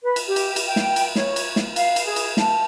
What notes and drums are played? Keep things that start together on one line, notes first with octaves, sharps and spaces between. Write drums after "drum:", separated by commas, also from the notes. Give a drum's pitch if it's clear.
B4
drum: cymbal
G4
drum: cymbal
drum: cymbal
G5
drum: snare
drum: cymbal
C#5, drum: snare
drum: cymbal
drum: snare
F5, drum: cymbal
drum: cymbal
G#4
drum: cymbal
A5, drum: snare